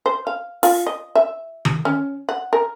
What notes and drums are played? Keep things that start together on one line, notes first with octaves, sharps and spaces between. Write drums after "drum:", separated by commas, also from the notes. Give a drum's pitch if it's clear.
C5
F5
F4, drum: open hi-hat
D#5
E5
drum: tom D#3
C#4
F#5
A#4